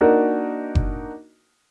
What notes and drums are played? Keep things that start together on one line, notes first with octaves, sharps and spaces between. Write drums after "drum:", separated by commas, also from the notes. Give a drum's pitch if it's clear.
A#3 D4 D#4 F#4 A#4
drum: kick F#1